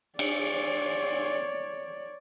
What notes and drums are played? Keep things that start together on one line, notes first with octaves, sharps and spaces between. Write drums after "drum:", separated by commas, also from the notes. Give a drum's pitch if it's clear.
C#5 D5, drum: cymbal